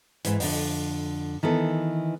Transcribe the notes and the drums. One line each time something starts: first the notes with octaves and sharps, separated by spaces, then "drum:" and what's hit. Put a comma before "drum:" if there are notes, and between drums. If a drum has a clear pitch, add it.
G#2 E3, drum: hi-hat
F2 D3, drum: open hi-hat
D#3 E3 B3 A4